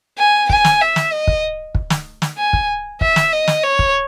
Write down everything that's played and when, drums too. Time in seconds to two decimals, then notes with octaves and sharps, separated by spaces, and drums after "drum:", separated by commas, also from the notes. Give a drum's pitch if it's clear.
0.18 G#5
0.49 G#5, drum: kick
0.65 drum: snare
0.81 E5
0.96 drum: snare
1.12 D#5
1.27 drum: kick
1.75 drum: kick
1.90 drum: snare
2.22 drum: snare
2.38 G#5
2.53 drum: kick
3.01 E5, drum: kick
3.16 drum: snare
3.32 D#5
3.48 drum: snare
3.63 C#5
3.79 drum: kick